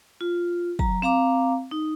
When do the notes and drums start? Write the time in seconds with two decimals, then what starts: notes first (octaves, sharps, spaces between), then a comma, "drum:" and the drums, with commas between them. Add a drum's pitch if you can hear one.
0.21 F4
0.79 F#3 A#5, drum: kick
1.02 C4 F5 A#5 D6
1.71 D#4